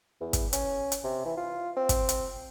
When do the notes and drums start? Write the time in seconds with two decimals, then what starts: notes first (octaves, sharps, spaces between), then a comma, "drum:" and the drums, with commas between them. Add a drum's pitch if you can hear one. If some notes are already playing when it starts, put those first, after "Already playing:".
0.20 E2
0.33 drum: kick, hi-hat
0.53 C#4, drum: hi-hat
0.92 drum: hi-hat
1.04 C3
1.25 E3
1.37 F4
1.77 C4
1.89 drum: kick, hi-hat
2.09 drum: hi-hat